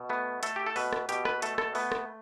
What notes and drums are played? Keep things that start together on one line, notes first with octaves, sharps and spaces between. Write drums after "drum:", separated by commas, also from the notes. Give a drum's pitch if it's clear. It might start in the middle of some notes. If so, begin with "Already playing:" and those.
Already playing: B2
A3 B3
A3 A4, drum: hi-hat
G4
A4
B2 B4, drum: open hi-hat
drum: rim click
B2 G4, drum: hi-hat
B4, drum: rim click
A3 A4, drum: hi-hat
A4, drum: rim click
A3 B3, drum: open hi-hat
drum: rim click